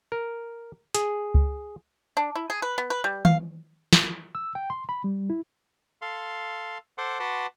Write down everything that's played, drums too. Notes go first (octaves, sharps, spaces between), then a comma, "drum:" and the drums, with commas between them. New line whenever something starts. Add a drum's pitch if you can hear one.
A#4
G#4, drum: hi-hat
drum: kick C#2
D4
E4
G#4
B4
B3
B4
G3
F5, drum: tom D#3
drum: snare
E6
G5
C6
B5
G3
E4
A4 F5 C6
A4 C5 F#5 C6 D6
F#4 B4 F#5 A5 C6 D6